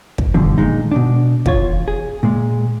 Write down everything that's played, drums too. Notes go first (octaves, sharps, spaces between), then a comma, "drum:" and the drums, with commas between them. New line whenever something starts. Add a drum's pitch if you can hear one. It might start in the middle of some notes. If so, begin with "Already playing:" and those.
drum: kick
E2 G2 B2 D3 F3
A#2 D#3 G#3 D#4
B2 D4
E2 F4 C#5, drum: kick
G#4
A#2 G#3